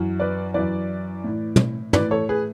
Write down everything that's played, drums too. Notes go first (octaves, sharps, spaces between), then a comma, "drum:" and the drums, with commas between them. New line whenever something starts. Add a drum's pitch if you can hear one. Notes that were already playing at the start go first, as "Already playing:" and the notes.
Already playing: F#2 E3
B4 D5
F#2 E3 B4 D5
A2 E3
drum: tom
A2 E3 B4 D5, drum: tom
A4 C#5
G#4 B4